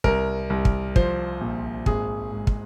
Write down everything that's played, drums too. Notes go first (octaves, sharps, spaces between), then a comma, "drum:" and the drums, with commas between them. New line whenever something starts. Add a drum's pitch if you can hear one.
C2 A#4, drum: kick
C2
drum: kick
F3 C5, drum: kick
A#1
G#1 G#4, drum: kick
G#2
drum: kick